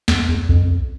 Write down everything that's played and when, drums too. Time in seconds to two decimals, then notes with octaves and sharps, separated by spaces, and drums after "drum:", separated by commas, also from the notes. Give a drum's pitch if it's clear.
0.08 E2, drum: snare
0.29 E2
0.49 F2, drum: kick B1